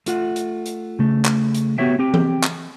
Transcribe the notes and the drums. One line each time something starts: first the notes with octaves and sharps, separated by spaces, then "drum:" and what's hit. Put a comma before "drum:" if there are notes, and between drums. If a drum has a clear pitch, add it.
A3 F4 F#5, drum: hi-hat
drum: hi-hat
drum: hi-hat
C#3 A3
drum: clap
drum: hi-hat
B3 F#4 G4 C#5 E5 G5
C4 G4 G5
drum: tom E3
drum: clap